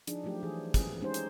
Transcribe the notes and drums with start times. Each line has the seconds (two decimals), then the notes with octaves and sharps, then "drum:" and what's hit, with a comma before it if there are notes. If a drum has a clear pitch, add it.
0.07 F3 D4 D#4 G#4, drum: hi-hat
0.24 F3 F#3 A3 G4
0.43 E3 G#4
0.74 G#4, drum: kick, hi-hat
1.01 G#3 C#4 D#4 G4 C5
1.14 drum: hi-hat